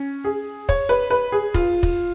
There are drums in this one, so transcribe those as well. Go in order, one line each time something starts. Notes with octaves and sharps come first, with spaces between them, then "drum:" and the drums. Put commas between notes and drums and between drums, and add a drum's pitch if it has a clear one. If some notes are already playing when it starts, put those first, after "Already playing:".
Already playing: C#4
G#4
C#5, drum: kick
B4
B4
G#4
F4, drum: kick
drum: kick